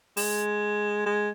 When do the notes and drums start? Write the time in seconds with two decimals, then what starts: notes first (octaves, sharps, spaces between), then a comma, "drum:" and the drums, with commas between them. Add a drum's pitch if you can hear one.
0.17 G#3, drum: open hi-hat
1.06 G#3